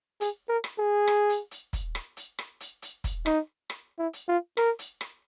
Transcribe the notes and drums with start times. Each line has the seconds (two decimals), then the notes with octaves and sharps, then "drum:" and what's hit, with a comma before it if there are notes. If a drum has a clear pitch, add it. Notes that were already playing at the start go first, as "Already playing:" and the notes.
0.21 G#4, drum: hi-hat
0.49 A#4
0.64 drum: rim click
0.79 G#4
1.07 drum: rim click
1.29 drum: hi-hat
1.51 drum: hi-hat
1.73 drum: kick, hi-hat
1.95 drum: rim click
2.17 drum: hi-hat
2.39 drum: rim click
2.60 drum: hi-hat
2.82 drum: hi-hat
3.04 drum: kick, hi-hat
3.26 D#4, drum: rim click
3.70 drum: rim click
3.98 E4
4.13 drum: hi-hat
4.28 F4
4.57 A#4, drum: rim click
4.79 drum: hi-hat
5.01 drum: rim click